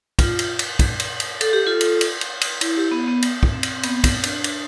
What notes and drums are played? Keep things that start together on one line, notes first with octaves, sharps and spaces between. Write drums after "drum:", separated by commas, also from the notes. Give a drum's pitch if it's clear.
F4, drum: kick, cymbal
drum: cymbal
drum: cymbal
drum: kick, cymbal
drum: cymbal
drum: cymbal
A4, drum: cymbal
G4
F4 A4
drum: cymbal
drum: cymbal
drum: cymbal
drum: cymbal
E4, drum: cymbal
E4 G4
B3
B3
drum: cymbal
drum: kick
C4
drum: cymbal
C4
B3, drum: cymbal
C4, drum: kick, cymbal
D4, drum: cymbal
D4, drum: cymbal